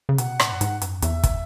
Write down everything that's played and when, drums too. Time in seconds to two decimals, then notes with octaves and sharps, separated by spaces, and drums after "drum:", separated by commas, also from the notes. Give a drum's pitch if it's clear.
0.09 C#3
0.18 B2 F#5, drum: hi-hat
0.40 A2, drum: rim click
0.52 F#2
0.61 G#2, drum: hi-hat
0.82 F#2, drum: hi-hat
1.02 E2 E5, drum: hi-hat
1.23 drum: kick, hi-hat